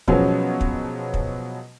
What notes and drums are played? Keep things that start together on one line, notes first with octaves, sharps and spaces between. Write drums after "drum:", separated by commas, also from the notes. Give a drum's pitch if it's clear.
B2 F3 F#3 G#3 B3 C#4, drum: kick
drum: kick
drum: kick